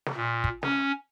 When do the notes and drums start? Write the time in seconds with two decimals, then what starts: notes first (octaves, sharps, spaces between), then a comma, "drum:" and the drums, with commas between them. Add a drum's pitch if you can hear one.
0.06 drum: snare
0.17 A#2
0.44 drum: kick
0.63 C#4, drum: snare